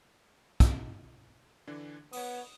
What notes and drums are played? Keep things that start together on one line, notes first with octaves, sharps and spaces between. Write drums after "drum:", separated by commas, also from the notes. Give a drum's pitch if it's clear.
drum: kick, hi-hat
D3 E3 D4
B3 C#5 D#6, drum: open hi-hat